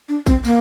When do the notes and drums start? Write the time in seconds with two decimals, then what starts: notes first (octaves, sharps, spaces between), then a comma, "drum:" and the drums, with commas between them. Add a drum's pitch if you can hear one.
0.09 D4
0.26 C4, drum: kick, tambourine
0.45 A#3, drum: tambourine